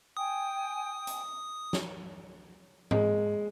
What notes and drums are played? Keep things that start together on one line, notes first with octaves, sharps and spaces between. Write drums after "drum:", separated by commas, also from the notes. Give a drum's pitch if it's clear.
G5 G#5 D#6
drum: hi-hat
drum: snare
G#3, drum: tom G#2